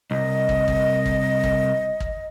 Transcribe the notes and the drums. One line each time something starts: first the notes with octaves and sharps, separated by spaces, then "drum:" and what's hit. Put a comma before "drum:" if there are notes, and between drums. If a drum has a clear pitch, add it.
C2 D#5
drum: kick
drum: kick
drum: kick
drum: kick
drum: kick